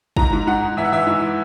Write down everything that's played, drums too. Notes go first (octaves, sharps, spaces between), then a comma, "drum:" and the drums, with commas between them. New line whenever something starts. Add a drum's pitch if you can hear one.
G#2 A#5, drum: kick
G#2
G#2 F#5
G#2
E3 E5
F#5
E3 E5
G#2
E3